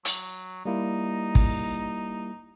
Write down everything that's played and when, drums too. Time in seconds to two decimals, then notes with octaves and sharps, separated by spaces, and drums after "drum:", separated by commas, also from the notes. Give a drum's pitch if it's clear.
0.05 F#3, drum: hi-hat
0.65 G3 A#3 D#4 E4
1.35 drum: kick